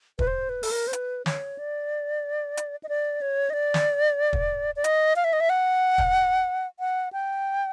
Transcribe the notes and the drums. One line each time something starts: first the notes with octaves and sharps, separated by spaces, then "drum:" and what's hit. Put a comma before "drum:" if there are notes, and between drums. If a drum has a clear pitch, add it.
B4, drum: kick
C5
B4
A4, drum: open hi-hat
A#4
C5
B4, drum: hi-hat
C#5, drum: snare
D5
drum: hi-hat
D#5
D5
C#5
D#5
D5
drum: snare
drum: kick
D5
D#5, drum: hi-hat
F5
E5
D#5
E5
F#5
drum: kick
F#5
G5